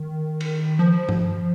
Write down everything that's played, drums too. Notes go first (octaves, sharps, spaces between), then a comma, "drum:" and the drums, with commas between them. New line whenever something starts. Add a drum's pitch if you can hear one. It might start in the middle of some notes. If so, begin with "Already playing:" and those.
Already playing: D#3
drum: cymbal
F3
drum: tom G2